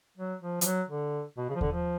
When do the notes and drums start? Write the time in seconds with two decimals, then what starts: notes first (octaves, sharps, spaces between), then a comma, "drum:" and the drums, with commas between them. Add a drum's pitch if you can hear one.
0.17 F#3
0.42 F3
0.61 F3, drum: hi-hat
0.65 F#3
0.89 D3
1.38 B2
1.49 C#3
1.55 F3
1.61 D3, drum: kick D#2
1.73 F3